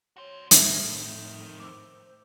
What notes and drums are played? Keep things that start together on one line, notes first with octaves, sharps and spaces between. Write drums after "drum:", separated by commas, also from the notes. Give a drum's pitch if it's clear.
F#4 C5 C#5
F2 A2 D#3 A4 A#4 E5, drum: hi-hat
C5 D6 E6